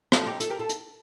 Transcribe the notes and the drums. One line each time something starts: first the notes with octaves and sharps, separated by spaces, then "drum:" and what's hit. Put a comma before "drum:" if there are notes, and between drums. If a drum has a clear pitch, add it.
F3 A3, drum: rim click
F4
D#4 G4
F4 A4, drum: hi-hat
G4 A#4
F4 A4
drum: hi-hat